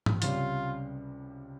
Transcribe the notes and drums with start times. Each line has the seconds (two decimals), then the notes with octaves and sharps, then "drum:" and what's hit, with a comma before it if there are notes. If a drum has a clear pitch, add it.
0.06 drum: tom G#2
0.22 C#2 C3 G3 C#4 F4, drum: hi-hat